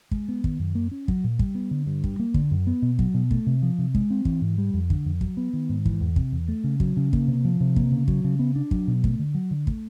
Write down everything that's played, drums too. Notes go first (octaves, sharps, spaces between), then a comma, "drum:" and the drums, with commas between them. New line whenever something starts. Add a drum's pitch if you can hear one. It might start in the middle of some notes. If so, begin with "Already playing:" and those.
G#3, drum: kick
B3
D#3, drum: kick
F#2
A#3
C#4
F#3, drum: kick
A#2
G3, drum: kick
B3
D3
G2
G3, drum: kick
A#3
D3, drum: kick
F#2
B3
B2
F#3, drum: kick
B2
A3, drum: kick
C3
F3
C3
G#3, drum: kick
C4
E3, drum: kick
G#2
G3
F2
D3, drum: kick
F2
F#3, drum: kick
B3
D#3
G#2
E3, drum: kick
E2
C3, drum: kick
E2
A3
C#3
F#3, drum: kick
C#3
A#3, drum: kick
C3
F3
C3
A#3, drum: kick
C#3
F#3, drum: kick
C#3
B3
D4
F#3, drum: kick
B2
A3, drum: kick
D3
F#3
D3
A3, drum: kick